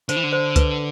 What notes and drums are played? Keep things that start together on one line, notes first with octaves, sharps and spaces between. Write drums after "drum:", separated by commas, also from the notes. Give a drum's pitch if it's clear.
D3 C5, drum: hi-hat
E3
D3
C5
B4, drum: kick C#2, hi-hat